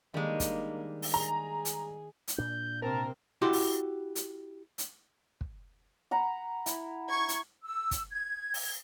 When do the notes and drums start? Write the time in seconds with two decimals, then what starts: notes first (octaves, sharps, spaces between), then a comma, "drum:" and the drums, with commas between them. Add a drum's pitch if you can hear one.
0.14 D#3 G3 G#3 A#3 D4
0.40 drum: kick, hi-hat
1.02 drum: open hi-hat
1.14 G#4 A#5
1.65 drum: hi-hat
2.28 drum: hi-hat
2.38 A#2 D4 G6
2.82 C3 C4 A#4 A5
3.42 E4 F#4 G4 D5 C6
3.53 drum: open hi-hat
4.15 drum: hi-hat
4.78 drum: hi-hat
5.41 drum: kick
6.11 F#5 A#5 B5
6.66 E4, drum: hi-hat
7.09 C#6 G#6
7.29 drum: hi-hat
7.64 E6
7.91 drum: kick, hi-hat
8.11 G#6
8.54 drum: open hi-hat